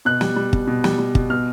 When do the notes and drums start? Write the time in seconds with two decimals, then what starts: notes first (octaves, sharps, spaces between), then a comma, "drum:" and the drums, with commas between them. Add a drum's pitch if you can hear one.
0.05 B2 F#6
0.21 G3, drum: snare
0.36 G3
0.53 B2, drum: kick
0.67 B2
0.84 G3, drum: snare
0.98 G3
1.15 B2, drum: kick
1.30 B2 F6